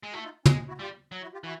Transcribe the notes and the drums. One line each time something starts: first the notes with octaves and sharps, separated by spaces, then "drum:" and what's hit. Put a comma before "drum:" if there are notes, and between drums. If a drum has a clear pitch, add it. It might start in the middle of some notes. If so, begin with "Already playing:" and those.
G#3
A3 E4 F#4
D#4 F4
G#3 C#4 D#4, drum: tom
E4 F#4
G3 F4 G4
F#3
E4 F#4
F4 G4
E3 E4 F#4